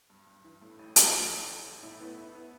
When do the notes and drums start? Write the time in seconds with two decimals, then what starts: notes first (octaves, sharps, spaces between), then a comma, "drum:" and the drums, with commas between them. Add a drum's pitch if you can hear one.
0.10 G2
0.27 G2
0.44 E3
0.62 A2
0.79 A1
0.96 A1, drum: hi-hat
1.13 A2
1.32 A1
1.48 A1
1.66 A1
1.83 A2 E4
2.00 B3
2.18 E4
2.35 B3